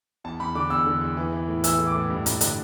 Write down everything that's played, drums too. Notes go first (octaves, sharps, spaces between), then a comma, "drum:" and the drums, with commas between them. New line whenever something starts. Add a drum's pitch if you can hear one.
E2 A5
E2 B5
D3 D6
E2 E6
D3
E2
E3
E3
A2
E3 E6, drum: hi-hat
A2
D6
A2
G2
G2, drum: hi-hat
D3, drum: hi-hat